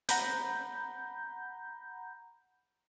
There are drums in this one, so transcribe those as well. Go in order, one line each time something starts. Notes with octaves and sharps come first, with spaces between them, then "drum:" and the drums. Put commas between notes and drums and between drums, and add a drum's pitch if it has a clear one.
F#5 A#5 B5 G6, drum: hi-hat